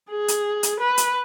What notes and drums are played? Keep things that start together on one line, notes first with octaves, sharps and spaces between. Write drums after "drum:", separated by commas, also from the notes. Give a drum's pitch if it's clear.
G#4
drum: hi-hat
drum: hi-hat
B4
drum: hi-hat